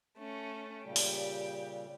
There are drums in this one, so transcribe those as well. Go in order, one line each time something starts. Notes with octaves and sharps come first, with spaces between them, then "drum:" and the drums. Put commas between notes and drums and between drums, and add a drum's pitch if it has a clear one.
A3 C#4
A#2 C#3 G3 G4
drum: open hi-hat